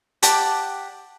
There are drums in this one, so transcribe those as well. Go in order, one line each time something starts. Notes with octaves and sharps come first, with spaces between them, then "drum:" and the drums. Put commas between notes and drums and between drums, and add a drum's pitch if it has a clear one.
G4 D5 F#5 A5, drum: hi-hat